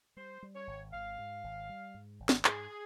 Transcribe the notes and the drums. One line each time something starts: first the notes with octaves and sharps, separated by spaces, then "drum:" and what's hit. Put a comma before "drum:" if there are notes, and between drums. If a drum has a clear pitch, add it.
G3 C5
G3
C#5
G#1
G#1 F5
G#2
G#1
G3
G#2
G#1
drum: snare
G#2 G#4, drum: clap